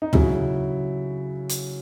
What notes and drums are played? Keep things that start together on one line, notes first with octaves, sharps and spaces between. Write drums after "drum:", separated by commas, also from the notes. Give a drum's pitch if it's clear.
D#4
C#3 F#3 E4, drum: tom
drum: hi-hat